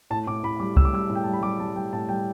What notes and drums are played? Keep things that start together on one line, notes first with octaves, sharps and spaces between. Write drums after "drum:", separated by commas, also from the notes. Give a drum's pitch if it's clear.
A2 A5
A2 D6
A2 B5
G3 D6
A2 E6, drum: kick C2
D6
G3 E6
A2
G5
G3 A5
B5
G3 D6
G3 A5
G3 G5
A2 A5
G3 G5